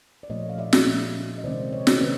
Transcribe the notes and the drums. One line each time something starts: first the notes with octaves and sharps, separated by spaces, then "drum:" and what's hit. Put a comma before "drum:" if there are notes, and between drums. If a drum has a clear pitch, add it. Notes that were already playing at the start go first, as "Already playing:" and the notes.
D5
A#2 F3 A3 C#4 C#5 D#5
F5
D5 E5
drum: snare
A#2 F3 A3 C#4
D#5
C3 D#3 G#3 C4 C5 D5
C#5 D#5
drum: snare
C3 D#3 B4 C#5